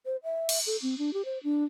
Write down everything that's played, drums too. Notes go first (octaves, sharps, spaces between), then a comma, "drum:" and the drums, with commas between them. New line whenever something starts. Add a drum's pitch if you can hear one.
C5
E5
drum: cymbal
A4
C4
D4
G4
C5
D4